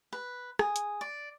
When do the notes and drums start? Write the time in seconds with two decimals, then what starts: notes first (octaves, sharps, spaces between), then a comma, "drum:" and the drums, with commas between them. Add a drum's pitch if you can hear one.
0.13 B4
0.59 G#4, drum: rim click
0.76 drum: hi-hat
1.01 D5